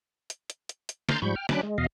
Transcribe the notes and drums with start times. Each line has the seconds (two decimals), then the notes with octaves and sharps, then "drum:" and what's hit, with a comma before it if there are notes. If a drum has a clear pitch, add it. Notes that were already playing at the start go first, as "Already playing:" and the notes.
0.30 drum: hi-hat
0.50 drum: hi-hat
0.69 drum: hi-hat
0.89 drum: hi-hat
1.09 A#5 C6 F6 G6 A6, drum: snare
1.22 G#2 F3 G3 B5 C#6 G6
1.36 G5 F6
1.49 F#3 C#4 D4 B5 D6 F#6, drum: snare
1.63 G#3
1.78 E2 B2 D#5 F5